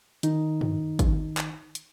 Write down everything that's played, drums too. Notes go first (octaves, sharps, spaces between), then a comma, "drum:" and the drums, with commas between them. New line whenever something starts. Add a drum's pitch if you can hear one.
D#3 D#4, drum: hi-hat
drum: tom
drum: kick G#1, hi-hat
drum: clap
drum: hi-hat